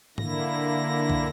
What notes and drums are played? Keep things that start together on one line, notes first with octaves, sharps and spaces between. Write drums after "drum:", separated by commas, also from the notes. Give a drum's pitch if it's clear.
D3 A#3 E4 A#6, drum: tom
drum: kick